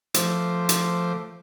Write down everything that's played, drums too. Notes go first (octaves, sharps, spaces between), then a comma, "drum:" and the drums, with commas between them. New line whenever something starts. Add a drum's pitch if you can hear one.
F3 A3 C5 D6, drum: hi-hat
drum: hi-hat